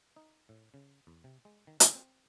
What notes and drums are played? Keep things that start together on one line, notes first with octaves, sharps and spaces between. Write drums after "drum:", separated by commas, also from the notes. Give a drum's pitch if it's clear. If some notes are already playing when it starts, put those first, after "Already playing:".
D#4
A2
C#3
E2
C3
G#3
D#3
D3, drum: hi-hat
C4